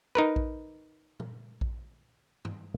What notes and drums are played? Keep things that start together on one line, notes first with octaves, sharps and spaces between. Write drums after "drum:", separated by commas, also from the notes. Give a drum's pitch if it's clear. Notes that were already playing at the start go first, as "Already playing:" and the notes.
D#4 A#4 B4
drum: kick A#1
drum: tom A#2
drum: kick A#1
drum: tom G2